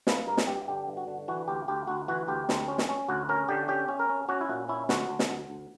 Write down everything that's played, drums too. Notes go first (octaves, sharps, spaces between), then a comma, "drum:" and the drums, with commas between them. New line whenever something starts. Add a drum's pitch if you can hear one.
A#3 B4, drum: snare
G2 A#4
drum: snare
G2 G4
D3 G4
G2
F#4
D3
E3 F#4
D2 G4
D2 G4
D2 F#4
E3 F#4
D2 G4
D2, drum: snare
C#4
drum: snare
C#4
D2 F#4
C#4 A#4
D3 G4
C#4 G4
C#4
A#4
C#4
C#4 F#4
E4
A#2 F#4
C#4 E4
D2 F#4, drum: snare
D2
drum: snare
D2
D2